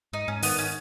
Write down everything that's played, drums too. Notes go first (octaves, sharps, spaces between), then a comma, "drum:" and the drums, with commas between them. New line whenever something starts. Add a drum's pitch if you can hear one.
G#2 D#4
G#2 C#4
D#3 B3, drum: open hi-hat
C#4